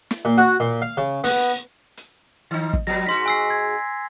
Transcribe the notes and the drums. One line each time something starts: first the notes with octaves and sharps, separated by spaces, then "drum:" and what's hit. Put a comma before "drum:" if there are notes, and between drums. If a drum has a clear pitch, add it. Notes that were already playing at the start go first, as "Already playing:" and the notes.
drum: snare
A#2
F#4
A#2
F5
C#3
B3, drum: open hi-hat
drum: hi-hat
D#3 D#4
drum: kick
F3 F#3 B3 A#6
G#2 F#4 C6 B6
G#5 E6 C7
G#6